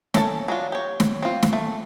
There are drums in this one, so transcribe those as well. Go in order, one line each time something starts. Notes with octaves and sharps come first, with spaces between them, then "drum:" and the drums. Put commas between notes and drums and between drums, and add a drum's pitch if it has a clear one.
C#4 A4 A#4 E5 A5, drum: snare
F#3 D4 F4
G4 C#5
drum: snare
C4 F4
drum: snare
A3